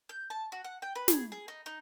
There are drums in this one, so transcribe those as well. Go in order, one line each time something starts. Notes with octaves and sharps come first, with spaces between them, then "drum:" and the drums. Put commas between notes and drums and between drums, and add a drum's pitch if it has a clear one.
G6
A5
F#4
F#5
G5
B4
G#4, drum: snare
G#4
D#4
D#4